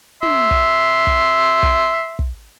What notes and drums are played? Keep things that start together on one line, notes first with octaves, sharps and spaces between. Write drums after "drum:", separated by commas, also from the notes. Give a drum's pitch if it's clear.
E5 C6, drum: tom
drum: kick
drum: kick
drum: kick
drum: kick